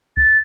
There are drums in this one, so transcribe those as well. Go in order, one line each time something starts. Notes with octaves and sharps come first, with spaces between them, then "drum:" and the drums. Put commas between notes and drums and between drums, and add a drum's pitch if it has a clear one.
A6, drum: kick C2